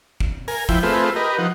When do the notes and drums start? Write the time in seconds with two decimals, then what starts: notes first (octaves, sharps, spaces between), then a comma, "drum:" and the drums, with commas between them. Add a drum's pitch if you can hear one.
0.20 drum: kick
0.48 A#4 G#5, drum: open hi-hat
0.69 F3 E4 G5, drum: kick
0.83 A3 C4 F4 G#4 B4 E5
1.16 G4 A#4 B4 D#5
1.38 F3 D#4 F#5